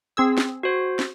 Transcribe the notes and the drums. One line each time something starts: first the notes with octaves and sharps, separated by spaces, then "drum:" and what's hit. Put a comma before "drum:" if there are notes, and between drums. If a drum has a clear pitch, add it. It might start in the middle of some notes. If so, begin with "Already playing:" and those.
C4 G#4 E6
drum: snare
F#4 C5
drum: snare